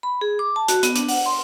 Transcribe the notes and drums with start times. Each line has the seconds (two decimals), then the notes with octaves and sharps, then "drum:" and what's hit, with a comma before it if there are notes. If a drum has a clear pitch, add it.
0.03 B5
0.21 G#4
0.39 D6
0.56 A5
0.68 F#4, drum: hi-hat
0.83 B3, drum: hi-hat
0.96 D4, drum: hi-hat
1.09 F#5, drum: open hi-hat
1.26 C6